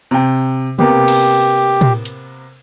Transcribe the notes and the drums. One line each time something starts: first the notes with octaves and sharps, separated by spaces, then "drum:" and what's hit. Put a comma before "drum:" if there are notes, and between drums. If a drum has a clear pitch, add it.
C3 G5
C3 A#3 B3 G4, drum: tom
drum: cymbal
drum: tom
drum: hi-hat